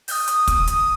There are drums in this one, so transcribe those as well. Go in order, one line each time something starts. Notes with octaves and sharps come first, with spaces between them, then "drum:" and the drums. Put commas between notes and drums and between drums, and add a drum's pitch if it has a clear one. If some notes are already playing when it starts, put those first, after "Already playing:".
G6, drum: open hi-hat
D#6
drum: hi-hat
drum: kick, hi-hat
drum: hi-hat